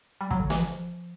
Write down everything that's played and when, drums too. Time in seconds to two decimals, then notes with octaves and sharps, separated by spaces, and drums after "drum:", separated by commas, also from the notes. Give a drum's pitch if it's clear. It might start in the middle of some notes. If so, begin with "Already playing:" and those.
0.21 G3
0.31 F#3, drum: kick
0.40 D3
0.50 E3, drum: snare
0.59 F3